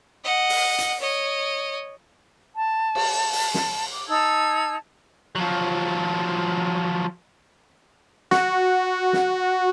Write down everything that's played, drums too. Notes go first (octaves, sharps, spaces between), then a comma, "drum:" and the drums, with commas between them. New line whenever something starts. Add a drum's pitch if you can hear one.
D#5 F#5
drum: open hi-hat
drum: hi-hat
C#5 D#5
A5
drum: cymbal
drum: open hi-hat
drum: snare
D6
D#4 A5 E6 G#6
F3 F#3
F#4, drum: snare
drum: snare